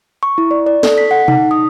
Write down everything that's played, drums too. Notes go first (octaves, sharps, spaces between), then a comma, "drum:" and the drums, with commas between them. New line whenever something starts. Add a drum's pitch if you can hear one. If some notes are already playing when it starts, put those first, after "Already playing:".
C#6
E4
D5
D5
A4, drum: snare
B6
F#5
D#4, drum: tom B2
D#6